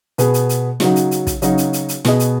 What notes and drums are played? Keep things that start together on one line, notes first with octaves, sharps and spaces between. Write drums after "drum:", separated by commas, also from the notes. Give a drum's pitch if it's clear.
B2 B3 G#4, drum: hi-hat
drum: hi-hat
drum: hi-hat
C#3 F#3 D#4 F#4, drum: snare
drum: hi-hat
drum: hi-hat
drum: kick, hi-hat
C#3 F#3 D#4 F#4, drum: hi-hat
drum: hi-hat
drum: hi-hat
drum: hi-hat
B2 B3 G#4 D#5, drum: snare
drum: hi-hat